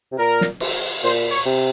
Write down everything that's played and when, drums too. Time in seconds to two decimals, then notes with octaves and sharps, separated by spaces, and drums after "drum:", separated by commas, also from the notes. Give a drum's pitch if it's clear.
0.12 C3
0.18 A#2 A#4
0.41 drum: snare
0.60 drum: cymbal
1.03 A#2 C5
1.31 C#5
1.46 C3